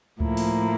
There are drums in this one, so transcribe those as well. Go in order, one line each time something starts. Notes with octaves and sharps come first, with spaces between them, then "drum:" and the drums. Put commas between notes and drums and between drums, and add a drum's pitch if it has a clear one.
A2 F3 A#3 E4, drum: kick C#2
drum: open hi-hat